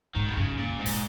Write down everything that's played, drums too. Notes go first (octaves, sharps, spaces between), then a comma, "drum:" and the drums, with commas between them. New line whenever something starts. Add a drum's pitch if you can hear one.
G#2 D#3
B2
F#2 C#3
E2
A#2
F#2
G#2
A#2, drum: open hi-hat